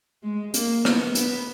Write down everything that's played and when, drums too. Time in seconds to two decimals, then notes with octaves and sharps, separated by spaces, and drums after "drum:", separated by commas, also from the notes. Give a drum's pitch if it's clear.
0.23 G#3
0.54 A#3, drum: hi-hat
0.85 B3, drum: rim click
1.15 B3, drum: hi-hat